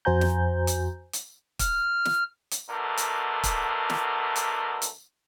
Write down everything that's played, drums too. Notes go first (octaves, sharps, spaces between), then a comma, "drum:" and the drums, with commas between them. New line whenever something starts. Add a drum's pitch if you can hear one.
F2 F#4 C5 G#5 A#5 G6
drum: snare
drum: hi-hat
drum: hi-hat
F6, drum: kick, hi-hat
drum: snare
drum: hi-hat
B2 D3 A3 D4 A#4
drum: hi-hat
drum: kick, hi-hat
drum: snare
drum: hi-hat
drum: hi-hat